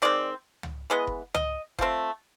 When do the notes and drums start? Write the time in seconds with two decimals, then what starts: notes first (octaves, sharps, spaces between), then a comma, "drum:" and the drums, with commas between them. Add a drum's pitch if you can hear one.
0.02 D#3 G#3 C4 D5
0.63 drum: tom
0.90 E3 G#3 B3 D#5
1.07 drum: kick F#1
1.34 D#5, drum: tom
1.79 F3 A3 C4, drum: kick F#1